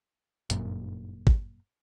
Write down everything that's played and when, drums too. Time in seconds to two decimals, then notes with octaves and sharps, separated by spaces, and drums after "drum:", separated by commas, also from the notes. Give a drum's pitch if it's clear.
0.50 G1 F#2 A#2, drum: hi-hat
1.27 drum: kick